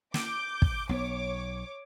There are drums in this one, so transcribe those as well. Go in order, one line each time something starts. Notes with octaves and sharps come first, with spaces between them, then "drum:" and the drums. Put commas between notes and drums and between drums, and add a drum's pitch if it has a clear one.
D6 G6, drum: snare
drum: kick
B1 B3 C#5 D6